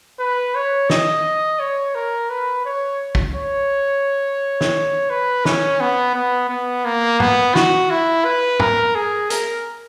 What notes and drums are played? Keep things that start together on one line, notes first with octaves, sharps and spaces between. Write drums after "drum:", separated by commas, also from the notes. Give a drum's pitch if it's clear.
B4
C#5
D#5, drum: snare
C#5
A#4
B4
C#5
drum: kick
C#5
drum: snare
B4
C#4, drum: snare
B3
B3
B3
A#3
B3, drum: tom
F#4, drum: snare
E4
B4
A#4, drum: tom
G#4
A#4, drum: hi-hat